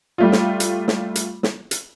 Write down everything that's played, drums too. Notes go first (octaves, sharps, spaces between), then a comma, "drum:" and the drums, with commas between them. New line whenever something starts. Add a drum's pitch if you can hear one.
G3 A3 F4
drum: snare
drum: hi-hat
drum: snare
drum: hi-hat
drum: snare
drum: hi-hat